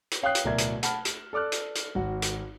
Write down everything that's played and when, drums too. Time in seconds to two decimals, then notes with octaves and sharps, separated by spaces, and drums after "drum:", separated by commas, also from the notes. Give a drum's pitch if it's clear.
0.11 drum: hi-hat
0.23 C#5 F5 G5 D#6 F#6 C7
0.35 drum: hi-hat
0.44 D1 B2 A#4 D5 E5 G#6
0.58 drum: hi-hat
0.83 F#5 A5 B5 F6, drum: hi-hat
1.05 E7, drum: hi-hat
1.33 A4 D5 D6 F6 F#6
1.52 drum: hi-hat
1.75 drum: hi-hat
1.95 G#1 F#4
2.22 drum: hi-hat